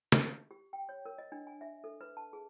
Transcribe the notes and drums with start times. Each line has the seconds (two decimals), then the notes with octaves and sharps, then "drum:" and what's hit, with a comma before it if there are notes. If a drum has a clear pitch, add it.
0.12 drum: snare
0.51 G4
0.73 G5
0.89 C#5
1.06 A#4
1.18 D#5
1.32 D4
1.47 G#5
1.61 E5
1.84 A4
2.01 B4
2.17 A5
2.33 G#4